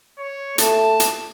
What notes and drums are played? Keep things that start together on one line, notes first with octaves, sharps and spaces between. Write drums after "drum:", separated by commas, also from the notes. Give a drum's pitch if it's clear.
C#5
A3 A5, drum: hi-hat
drum: hi-hat